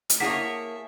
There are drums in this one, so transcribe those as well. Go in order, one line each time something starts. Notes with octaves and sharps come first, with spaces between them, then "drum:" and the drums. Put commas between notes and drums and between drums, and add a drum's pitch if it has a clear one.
drum: hi-hat
A#3 E4 G#4 C#5 E5 F#5 A5 B6